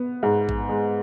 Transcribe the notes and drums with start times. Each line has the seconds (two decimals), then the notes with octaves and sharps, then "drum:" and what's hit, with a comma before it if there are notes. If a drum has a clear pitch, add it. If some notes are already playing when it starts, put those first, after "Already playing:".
Already playing: B3
0.23 G#2
0.49 drum: kick A1
0.69 G#3